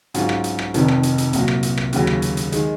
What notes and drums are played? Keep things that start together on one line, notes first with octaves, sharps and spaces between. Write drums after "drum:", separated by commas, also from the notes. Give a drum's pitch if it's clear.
G#2 F#3 C#4 F4, drum: hi-hat
drum: rim click
drum: hi-hat
drum: rim click
F1 F2 D#3, drum: hi-hat
drum: rim click
drum: hi-hat
drum: hi-hat
C2 A#2 F#3, drum: hi-hat
drum: rim click
drum: hi-hat
drum: rim click
D#2 C#3 F#3, drum: hi-hat
drum: rim click
drum: hi-hat
drum: hi-hat
D#3 G#3, drum: hi-hat